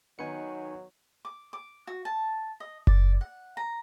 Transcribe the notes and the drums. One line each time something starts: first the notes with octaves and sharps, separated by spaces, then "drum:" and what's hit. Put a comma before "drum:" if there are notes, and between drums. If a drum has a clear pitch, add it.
D#3 F#3 B3 D#4 G#5 C#7
D6
D6
F#4
A5
D#5
D5, drum: kick F#1
F#5
A#5